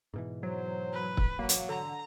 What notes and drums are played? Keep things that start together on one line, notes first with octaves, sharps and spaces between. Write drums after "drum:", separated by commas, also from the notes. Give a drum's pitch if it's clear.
G#2 B2 E3
F#3 C5
B4
drum: kick
F#3 A#3
drum: hi-hat
D3 A#5